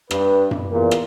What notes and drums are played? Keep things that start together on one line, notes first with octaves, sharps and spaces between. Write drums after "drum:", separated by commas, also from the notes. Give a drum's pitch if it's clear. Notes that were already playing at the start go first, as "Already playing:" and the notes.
G2 B4, drum: rim click
drum: tom F#2
E2 A#2
drum: rim click